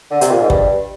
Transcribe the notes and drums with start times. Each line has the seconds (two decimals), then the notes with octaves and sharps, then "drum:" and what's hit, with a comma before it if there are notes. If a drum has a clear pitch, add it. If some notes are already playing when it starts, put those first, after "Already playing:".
0.11 D3
0.21 C3, drum: hi-hat
0.31 A#2
0.41 G#2
0.50 G2, drum: kick